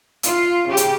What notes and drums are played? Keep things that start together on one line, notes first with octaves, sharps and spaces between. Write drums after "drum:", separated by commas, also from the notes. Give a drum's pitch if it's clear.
F4, drum: hi-hat
C#3 G4
drum: hi-hat